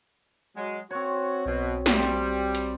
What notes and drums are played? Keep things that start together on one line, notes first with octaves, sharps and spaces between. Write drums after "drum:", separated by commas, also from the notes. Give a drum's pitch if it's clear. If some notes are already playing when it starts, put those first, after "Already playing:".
F#3 G#3
C4 F#4 C#5
B1 B2 F#4
G3 C4, drum: snare
drum: hi-hat
drum: hi-hat